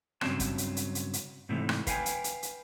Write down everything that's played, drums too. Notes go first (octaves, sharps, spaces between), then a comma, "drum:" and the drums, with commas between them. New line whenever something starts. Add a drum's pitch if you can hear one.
G2 C#3 F#3 C4 A5, drum: rim click
drum: kick, hi-hat
drum: hi-hat
drum: hi-hat
drum: hi-hat
drum: hi-hat
G#2 C3 E3 A3
drum: rim click
B4 F5 G5 G#5, drum: kick, hi-hat
drum: hi-hat
drum: hi-hat
drum: hi-hat